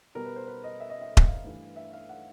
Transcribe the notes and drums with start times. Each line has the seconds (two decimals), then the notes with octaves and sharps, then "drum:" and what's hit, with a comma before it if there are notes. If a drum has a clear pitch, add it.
0.15 B2 G3 B3 A#4
0.25 B4
0.36 C5
0.47 B4
0.64 D#5
0.80 E5
0.90 D#5
1.01 E5
1.17 drum: kick D#1
1.28 F5
1.44 G2 E3 A3
1.76 E5
1.93 F5
2.09 F#5